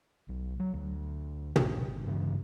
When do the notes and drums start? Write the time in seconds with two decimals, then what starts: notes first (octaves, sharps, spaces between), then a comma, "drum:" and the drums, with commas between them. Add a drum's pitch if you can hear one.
0.29 B1
0.60 F#3
0.74 D2
1.56 D#1 A#1 D4, drum: tom
1.87 G1
2.07 G2 C#3 E3